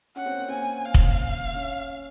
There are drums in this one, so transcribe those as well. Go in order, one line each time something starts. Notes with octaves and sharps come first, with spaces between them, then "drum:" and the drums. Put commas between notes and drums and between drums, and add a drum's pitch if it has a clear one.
C#4 F#5
C4
A#3
C4 G#5
F5
drum: kick
C#4